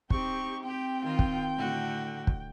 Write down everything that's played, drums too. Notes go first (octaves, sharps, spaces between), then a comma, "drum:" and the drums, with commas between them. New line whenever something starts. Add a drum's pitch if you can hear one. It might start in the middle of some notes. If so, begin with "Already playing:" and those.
C4 D#4 G4 C#6, drum: kick
C4 G4 G5
D#3 F4
drum: kick
A2 D3 F#4
drum: kick